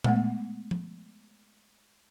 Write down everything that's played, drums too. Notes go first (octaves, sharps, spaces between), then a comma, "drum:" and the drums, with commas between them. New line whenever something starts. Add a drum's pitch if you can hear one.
G#3 A3 B3 F#5, drum: tom A#2
drum: tom F3